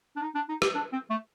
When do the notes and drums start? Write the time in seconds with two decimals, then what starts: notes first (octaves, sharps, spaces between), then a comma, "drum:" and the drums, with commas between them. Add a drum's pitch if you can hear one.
0.16 D4
0.22 D#4
0.35 D4
0.49 D#4
0.62 G4, drum: rim click
0.75 D4
0.92 C4
1.10 A3